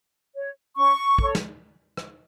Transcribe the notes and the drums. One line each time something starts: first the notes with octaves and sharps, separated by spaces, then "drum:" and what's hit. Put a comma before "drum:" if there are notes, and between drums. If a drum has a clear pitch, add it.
C#5
C#4 C#6
A4 C#5, drum: kick
drum: snare
drum: rim click